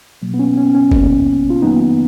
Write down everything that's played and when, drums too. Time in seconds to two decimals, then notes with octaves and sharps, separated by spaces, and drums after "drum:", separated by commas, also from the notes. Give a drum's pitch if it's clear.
0.22 B2 F#3 A#3
0.34 B3
0.39 C#4
0.57 C#4
0.75 C#4
0.91 B2 F#3 A#3, drum: kick G1
1.50 F4
1.62 F2 D#3 F#3 A#3 B3 D#4